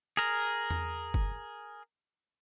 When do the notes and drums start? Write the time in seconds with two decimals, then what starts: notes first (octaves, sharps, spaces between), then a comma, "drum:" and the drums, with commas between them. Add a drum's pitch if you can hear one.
0.17 G#4 A#4, drum: hi-hat
0.70 drum: tom E2
1.14 drum: kick F#1